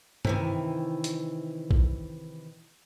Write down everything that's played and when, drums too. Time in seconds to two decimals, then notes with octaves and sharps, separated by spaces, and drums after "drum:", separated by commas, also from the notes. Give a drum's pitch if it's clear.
0.25 C3 D#3 E3, drum: tom G2
1.04 drum: hi-hat
1.71 drum: kick